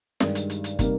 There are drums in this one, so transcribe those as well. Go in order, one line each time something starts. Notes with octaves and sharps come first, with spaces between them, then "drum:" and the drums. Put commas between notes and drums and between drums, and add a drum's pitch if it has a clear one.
G2 D#3 G#3 D#4 G4, drum: snare
drum: hi-hat
drum: hi-hat
drum: hi-hat
C3 G3 A#3 D#4 A#4, drum: kick, hi-hat